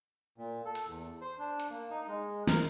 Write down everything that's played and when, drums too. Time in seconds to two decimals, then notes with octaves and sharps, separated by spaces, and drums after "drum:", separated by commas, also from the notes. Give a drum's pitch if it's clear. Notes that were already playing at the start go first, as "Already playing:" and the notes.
0.38 A#2
0.65 A4
0.75 drum: hi-hat
0.86 E2
1.21 C5
1.38 D4
1.60 drum: hi-hat
1.70 A#3
1.90 D#4
2.08 G#3
2.47 A#4, drum: snare